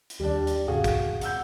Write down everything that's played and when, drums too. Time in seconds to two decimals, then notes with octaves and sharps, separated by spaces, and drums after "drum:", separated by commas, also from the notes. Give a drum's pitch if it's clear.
0.10 drum: hi-hat
0.20 D#2 G3 D4
0.47 drum: hi-hat
0.68 E1 G#2 C#3 F#4 G#4 F5
0.84 drum: kick, hi-hat
1.21 F#5 E6 G6, drum: hi-hat